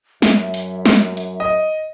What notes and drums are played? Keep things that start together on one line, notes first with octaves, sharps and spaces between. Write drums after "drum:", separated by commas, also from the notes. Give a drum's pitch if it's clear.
F#2 E5, drum: snare
drum: hi-hat
drum: snare
drum: hi-hat
D#5